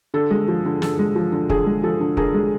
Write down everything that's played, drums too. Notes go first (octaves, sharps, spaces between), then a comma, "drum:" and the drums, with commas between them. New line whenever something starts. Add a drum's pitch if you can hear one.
D3 A4
G#3
F3
D3
D3 A4, drum: snare
G#3
F3
D3
D3 G#4, drum: kick
G#3
F3 A4
D3
D3 G#4 A#4, drum: kick
G#3